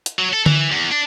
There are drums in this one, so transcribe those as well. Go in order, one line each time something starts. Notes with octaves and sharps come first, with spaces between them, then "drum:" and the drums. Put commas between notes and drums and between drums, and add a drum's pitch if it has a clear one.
drum: hi-hat
F#3
A4
E3, drum: tom D3
E2
D4